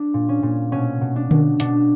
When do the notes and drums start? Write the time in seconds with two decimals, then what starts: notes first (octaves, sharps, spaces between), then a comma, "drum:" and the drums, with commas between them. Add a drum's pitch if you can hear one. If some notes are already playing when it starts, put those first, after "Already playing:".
Already playing: D4
0.14 A#2
0.29 C#4
0.43 A#2
0.72 B2 C#4
1.01 B2
1.16 D4
1.31 B2, drum: tom D3
1.60 B2 D4, drum: hi-hat